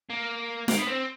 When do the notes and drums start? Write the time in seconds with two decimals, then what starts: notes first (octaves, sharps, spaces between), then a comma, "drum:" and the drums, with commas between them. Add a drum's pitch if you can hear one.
0.10 A#3
0.68 A#3, drum: snare
0.78 B3
0.87 C4